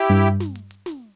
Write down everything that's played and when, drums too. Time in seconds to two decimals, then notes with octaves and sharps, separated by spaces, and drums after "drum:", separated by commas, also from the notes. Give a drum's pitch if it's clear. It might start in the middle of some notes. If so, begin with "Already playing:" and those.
Already playing: E4 G4
0.10 G2
0.40 drum: snare
0.56 drum: hi-hat
0.71 drum: hi-hat
0.86 drum: snare